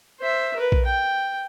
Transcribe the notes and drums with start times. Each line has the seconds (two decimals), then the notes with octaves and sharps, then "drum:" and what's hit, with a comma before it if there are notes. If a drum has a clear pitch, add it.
0.19 C5 E5
0.56 A#4 B4
0.72 drum: kick A#1
0.85 G5